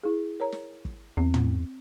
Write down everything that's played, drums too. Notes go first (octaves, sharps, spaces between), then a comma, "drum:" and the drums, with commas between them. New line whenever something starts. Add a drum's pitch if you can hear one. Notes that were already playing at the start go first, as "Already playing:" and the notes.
E4 G#4
A#4 C#5 A#5
drum: snare
drum: kick
E2 C4
drum: tom